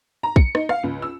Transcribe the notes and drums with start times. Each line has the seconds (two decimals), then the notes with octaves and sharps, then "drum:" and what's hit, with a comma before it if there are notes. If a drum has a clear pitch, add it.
0.23 A#5
0.36 C#7, drum: kick
0.55 D#4, drum: rim click
0.69 F5, drum: rim click
0.83 C#2
1.02 E6